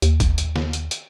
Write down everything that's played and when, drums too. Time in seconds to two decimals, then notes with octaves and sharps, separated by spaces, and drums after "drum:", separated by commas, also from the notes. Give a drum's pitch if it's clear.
0.02 D#2, drum: hi-hat
0.20 drum: kick, hi-hat
0.38 drum: hi-hat
0.56 drum: snare
0.73 drum: hi-hat
0.91 drum: hi-hat